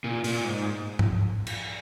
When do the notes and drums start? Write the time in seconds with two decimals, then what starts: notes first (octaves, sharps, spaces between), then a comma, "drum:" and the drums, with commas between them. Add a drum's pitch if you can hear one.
0.04 A#2
0.24 A#2, drum: open hi-hat
0.44 G#2
0.99 drum: tom
1.47 drum: cymbal